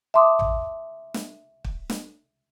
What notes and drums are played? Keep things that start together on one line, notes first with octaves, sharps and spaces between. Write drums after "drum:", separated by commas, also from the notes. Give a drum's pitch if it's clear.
E5 A5 C6 D6 D#6
drum: tom A1
drum: snare
drum: kick
drum: snare